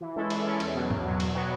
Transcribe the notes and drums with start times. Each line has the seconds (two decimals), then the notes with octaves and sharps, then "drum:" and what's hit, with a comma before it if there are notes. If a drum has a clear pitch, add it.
0.01 E3
0.16 G#3 C#4 E4 A4
0.30 E3, drum: cymbal
0.45 G#3 C#4 E4 A4
0.60 E2, drum: cymbal
0.75 B2 F#3
0.90 E2, drum: tom G#2
1.05 B2 F#3
1.20 B2, drum: cymbal
1.35 F#3 B3 F#4